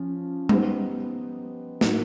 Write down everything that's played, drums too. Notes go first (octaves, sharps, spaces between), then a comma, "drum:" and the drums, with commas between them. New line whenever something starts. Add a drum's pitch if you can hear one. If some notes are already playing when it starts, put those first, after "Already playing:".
Already playing: F3 C#4
B3 D#4 G4 C5, drum: tom G3
A2 F#3 A#3 D#4, drum: snare